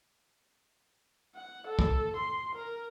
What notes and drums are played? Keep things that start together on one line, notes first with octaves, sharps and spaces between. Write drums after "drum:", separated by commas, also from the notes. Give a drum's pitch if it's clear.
F#5
A4
drum: kick
C6
A#4